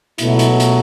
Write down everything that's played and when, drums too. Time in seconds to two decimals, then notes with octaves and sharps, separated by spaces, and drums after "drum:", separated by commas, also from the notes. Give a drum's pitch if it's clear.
0.18 C#2 B2 F#3 A3 E4, drum: hi-hat
0.39 drum: hi-hat
0.60 drum: hi-hat